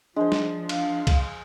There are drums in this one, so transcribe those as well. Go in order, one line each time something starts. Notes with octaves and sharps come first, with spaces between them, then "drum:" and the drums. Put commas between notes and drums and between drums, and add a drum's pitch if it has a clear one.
F3 G#3 D4 C5
drum: snare
F5, drum: cymbal
drum: kick C2, cymbal